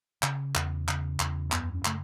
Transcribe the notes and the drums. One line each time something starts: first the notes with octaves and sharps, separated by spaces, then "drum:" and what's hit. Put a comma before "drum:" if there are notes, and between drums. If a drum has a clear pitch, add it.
C#3, drum: clap
E2, drum: clap
C#3, drum: clap
E2, drum: clap
F#2 B3, drum: clap
C#4
C#3 A3, drum: clap